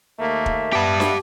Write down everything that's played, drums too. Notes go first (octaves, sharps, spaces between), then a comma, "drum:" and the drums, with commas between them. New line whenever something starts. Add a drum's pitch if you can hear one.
D#2 A3 A#3 E5
drum: kick
G3 B3 G4 A5
drum: snare